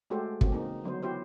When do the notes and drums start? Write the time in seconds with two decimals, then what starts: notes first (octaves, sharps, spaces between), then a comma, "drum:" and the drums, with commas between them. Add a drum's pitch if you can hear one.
0.10 G#3 A3 F#4 G4 A4 C5
0.41 C#3 E3 A#3 C4 F#4 G4, drum: kick
0.52 A#3 C4 D#4
0.84 D3 F#3 B3 C5
1.03 B3 E4 F#4 G4 C5